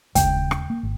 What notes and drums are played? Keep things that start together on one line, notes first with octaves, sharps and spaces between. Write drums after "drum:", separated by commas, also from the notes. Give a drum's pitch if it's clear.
D#2 C#3 G#3 G5, drum: kick, hi-hat
drum: rim click
A#3
G#1